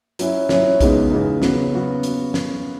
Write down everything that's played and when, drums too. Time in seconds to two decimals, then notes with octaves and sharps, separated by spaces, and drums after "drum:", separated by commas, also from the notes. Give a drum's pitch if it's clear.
0.19 F#3 C#4 E4, drum: hi-hat
0.49 F#3 C#4 E4, drum: snare
0.81 E2 C#3 G#3 D#4, drum: kick, hi-hat
1.11 E2 C#3 G#3 D#4
1.42 C#3 F#3 B3 F#4, drum: snare
1.72 C#3 F#3 B3 F#4
2.03 drum: hi-hat
2.34 drum: snare